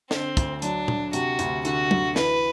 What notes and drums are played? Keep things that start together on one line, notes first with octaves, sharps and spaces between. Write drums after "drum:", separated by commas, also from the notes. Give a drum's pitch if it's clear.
D3 C4, drum: snare
D2, drum: kick, hi-hat
F#3 D4, drum: hi-hat
D3, drum: tom
C3 F#4, drum: hi-hat
D2, drum: hi-hat
D3 F#4, drum: hi-hat
D2, drum: tom
E3 B4, drum: snare